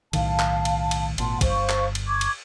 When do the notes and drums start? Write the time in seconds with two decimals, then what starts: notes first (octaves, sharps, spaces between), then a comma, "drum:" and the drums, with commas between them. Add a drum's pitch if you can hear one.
0.13 B1 A2 D#3 F5 A5, drum: cymbal
0.39 drum: clap
0.65 drum: cymbal
0.91 drum: cymbal
1.18 G#1 A#2 F#5 A5 C6, drum: cymbal
1.41 G1 C5 F5 C#6, drum: kick, cymbal
1.69 drum: clap
1.95 drum: cymbal
2.07 C#6 D6 G#6
2.21 drum: cymbal